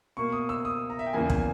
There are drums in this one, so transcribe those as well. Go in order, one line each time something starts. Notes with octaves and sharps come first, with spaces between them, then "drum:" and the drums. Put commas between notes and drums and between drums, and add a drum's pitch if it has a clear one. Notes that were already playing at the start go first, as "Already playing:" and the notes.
B2 A#3 C#6
D#6
E6
D#6
A#5
E5
G5
E2 C#3 E3 A#3 G#5
G#5, drum: kick